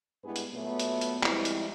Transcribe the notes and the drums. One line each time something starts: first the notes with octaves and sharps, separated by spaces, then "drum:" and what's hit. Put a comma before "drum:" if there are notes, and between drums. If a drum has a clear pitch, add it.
G2 G#3 B3 E4 G#4 B4
drum: hi-hat
A#2 F#3 A3 B3
drum: hi-hat
drum: hi-hat
F3 G3 G#3 C4 E4, drum: clap
drum: hi-hat